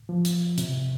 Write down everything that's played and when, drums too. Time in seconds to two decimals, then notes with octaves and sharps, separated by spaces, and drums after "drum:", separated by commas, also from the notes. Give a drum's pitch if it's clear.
0.09 F3
0.25 drum: hi-hat
0.58 C3, drum: hi-hat